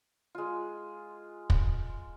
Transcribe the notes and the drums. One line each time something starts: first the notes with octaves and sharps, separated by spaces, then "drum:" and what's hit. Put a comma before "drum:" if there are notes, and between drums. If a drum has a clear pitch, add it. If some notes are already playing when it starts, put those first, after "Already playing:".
G#3 F4
drum: kick